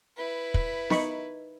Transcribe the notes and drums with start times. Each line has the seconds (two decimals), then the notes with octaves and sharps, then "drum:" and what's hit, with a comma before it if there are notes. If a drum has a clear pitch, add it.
0.17 E4 B4
0.54 drum: kick
0.90 D#4 B5 C#6, drum: snare B3